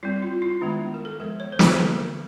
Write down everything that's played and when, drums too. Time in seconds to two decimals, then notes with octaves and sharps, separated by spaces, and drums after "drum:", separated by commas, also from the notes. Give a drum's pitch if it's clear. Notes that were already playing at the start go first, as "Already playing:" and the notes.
0.03 G3 C4 E4
0.22 F4
0.42 E4
0.61 D#3 G#3 B3 D4
0.94 A#4
1.05 A4
1.20 F3 G#3 B3 A#4
1.40 C#5
1.52 C5
1.59 B4, drum: snare
1.78 D3 F3 A#3 A4
1.98 A#4